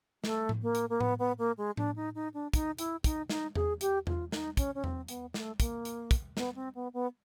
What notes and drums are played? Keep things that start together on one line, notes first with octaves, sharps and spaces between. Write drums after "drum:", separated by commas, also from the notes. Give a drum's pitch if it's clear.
A3, drum: snare
drum: tom A2
A#3
drum: hi-hat
A#3
B3, drum: tom A2
B3
A#3
G#3
D4, drum: tom A2
D#4
D#4
D4
D#4, drum: kick, hi-hat
E4, drum: hi-hat
D#4, drum: kick, hi-hat
D#4, drum: snare
G#4, drum: tom E2
G4, drum: hi-hat
F4, drum: tom E2
D#4, drum: snare
C#4, drum: kick, hi-hat
C#4
C4, drum: tom E2
B3, drum: hi-hat
A3, drum: snare
A#3, drum: kick, hi-hat
drum: hi-hat
drum: kick, hi-hat
B3, drum: snare
C4
B3
B3